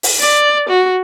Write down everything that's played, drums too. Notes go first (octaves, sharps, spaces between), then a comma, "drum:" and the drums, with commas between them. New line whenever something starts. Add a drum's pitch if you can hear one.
drum: open hi-hat
D5
F#4